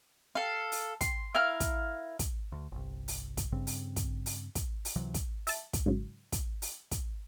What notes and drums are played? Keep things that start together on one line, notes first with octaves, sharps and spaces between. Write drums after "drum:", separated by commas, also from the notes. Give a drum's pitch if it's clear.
A4 F5
drum: open hi-hat
C6, drum: kick, hi-hat
E4 A#4 F5 F6
drum: kick, hi-hat
drum: kick, hi-hat
D2
G1 C2
drum: open hi-hat
drum: kick, hi-hat
G2 C#3 C4
drum: open hi-hat
drum: kick, hi-hat
drum: open hi-hat
drum: kick, hi-hat
drum: open hi-hat
C#2 C3 E3 F#3
drum: kick, hi-hat
E5 A5, drum: open hi-hat
drum: kick, hi-hat
G#2 C#3 F#3
drum: kick, hi-hat
drum: open hi-hat
drum: kick, hi-hat